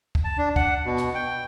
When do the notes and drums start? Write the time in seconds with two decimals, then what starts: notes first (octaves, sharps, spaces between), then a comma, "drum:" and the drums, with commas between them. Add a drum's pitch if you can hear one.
0.15 drum: kick
0.24 A5
0.38 D4
0.56 F#5, drum: kick
0.85 B2
0.97 drum: rim click
1.15 G5